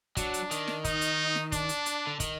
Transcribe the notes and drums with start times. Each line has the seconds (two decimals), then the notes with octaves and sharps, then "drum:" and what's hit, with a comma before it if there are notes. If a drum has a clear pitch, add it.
0.17 F#3 D4, drum: kick, hi-hat
0.34 drum: hi-hat
0.51 D#3, drum: hi-hat
0.68 drum: snare
0.84 D#4, drum: kick, hi-hat
1.01 drum: hi-hat
1.35 drum: snare
1.52 D4, drum: kick, hi-hat
1.69 drum: hi-hat
1.86 drum: hi-hat
2.07 D3
2.20 D#3, drum: kick, hi-hat